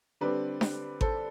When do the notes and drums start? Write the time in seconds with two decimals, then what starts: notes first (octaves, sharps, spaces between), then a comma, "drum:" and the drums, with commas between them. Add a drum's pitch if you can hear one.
0.21 D3 G3 C4 B4 D5
0.61 drum: snare D4
1.01 A4 C5, drum: kick G#1